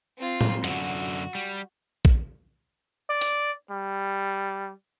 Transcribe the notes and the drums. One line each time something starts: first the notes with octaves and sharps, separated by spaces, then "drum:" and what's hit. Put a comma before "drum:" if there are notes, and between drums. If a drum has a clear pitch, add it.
C4 F4
drum: tom A2
F#2 D3 F#4, drum: hi-hat
G3
drum: kick A#1
D5
drum: hi-hat
G3